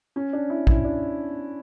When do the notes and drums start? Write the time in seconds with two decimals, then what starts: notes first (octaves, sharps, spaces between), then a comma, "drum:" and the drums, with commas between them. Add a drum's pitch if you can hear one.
0.16 C#4
0.33 D4
0.50 E4
0.67 E4, drum: kick
0.85 D4